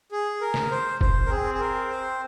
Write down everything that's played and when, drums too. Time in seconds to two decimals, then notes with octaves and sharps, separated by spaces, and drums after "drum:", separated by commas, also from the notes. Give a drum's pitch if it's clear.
0.12 G#4
0.41 A#4
0.54 drum: snare
0.71 C5
1.01 C5, drum: kick F1
1.26 A#4
1.30 C4 G#4
1.54 G#4
1.60 A#4
1.90 C5